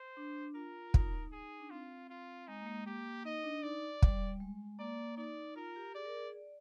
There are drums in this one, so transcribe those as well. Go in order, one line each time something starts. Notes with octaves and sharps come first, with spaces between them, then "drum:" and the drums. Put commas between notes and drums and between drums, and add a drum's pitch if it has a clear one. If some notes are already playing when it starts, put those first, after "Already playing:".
Already playing: C5
D4
F4 A#4
F4
D#4, drum: kick
G#4
D4
C4 F4
F4
G#3 D#4
A#3
G#3
A#3 G4
D#4 D#5
D4
D#4 D5
G3, drum: kick
G#3
A#3 D5
D#4 D5
F4 A#4
G4
G#4 D5
A#4
G#4
D5